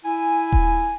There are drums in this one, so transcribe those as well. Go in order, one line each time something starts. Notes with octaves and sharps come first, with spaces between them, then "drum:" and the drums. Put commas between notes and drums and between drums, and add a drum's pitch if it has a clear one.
E4 G#5
drum: kick D#1